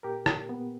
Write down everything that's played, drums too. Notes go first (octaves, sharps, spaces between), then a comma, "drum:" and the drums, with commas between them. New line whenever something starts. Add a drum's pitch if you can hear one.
A#2 G4 A#4
A#2, drum: rim click
A#2 B3